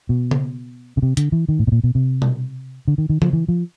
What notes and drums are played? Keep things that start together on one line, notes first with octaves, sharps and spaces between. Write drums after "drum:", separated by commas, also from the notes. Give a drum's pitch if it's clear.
B2
drum: tom C#3
C#3
C3
D3, drum: hi-hat
E3
D#3
A2
B2
A#2
B2
C3
drum: tom B2
D3
D#3
D#3
F3, drum: tom C#3
E3
F3